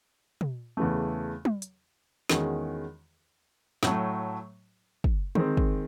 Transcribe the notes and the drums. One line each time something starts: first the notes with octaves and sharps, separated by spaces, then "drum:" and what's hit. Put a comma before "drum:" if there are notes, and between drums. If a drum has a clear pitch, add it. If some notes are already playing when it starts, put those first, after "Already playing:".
drum: tom
E2 C#3 E3 A3
drum: tom
drum: hi-hat
E2 D#3 G#3 C#4 F#4, drum: snare
A2 F#3 A3, drum: snare
drum: kick
D#3 G#3 C4, drum: tom
drum: kick